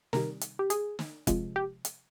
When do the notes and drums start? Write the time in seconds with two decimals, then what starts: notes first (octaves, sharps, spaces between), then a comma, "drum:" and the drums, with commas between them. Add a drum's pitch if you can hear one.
0.13 C3 D#3 G3 A#4, drum: snare
0.41 drum: hi-hat
0.59 G4
0.70 G#4, drum: hi-hat
0.99 drum: snare
1.27 C3 F3 G#3, drum: kick F1, hi-hat
1.56 G4
1.85 drum: hi-hat